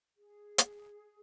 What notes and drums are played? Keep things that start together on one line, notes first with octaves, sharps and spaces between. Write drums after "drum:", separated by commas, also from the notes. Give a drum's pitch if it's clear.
G#4
drum: hi-hat